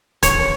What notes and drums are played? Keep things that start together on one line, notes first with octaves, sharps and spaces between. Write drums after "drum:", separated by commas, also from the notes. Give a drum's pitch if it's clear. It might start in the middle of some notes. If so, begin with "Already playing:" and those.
C#5, drum: kick, hi-hat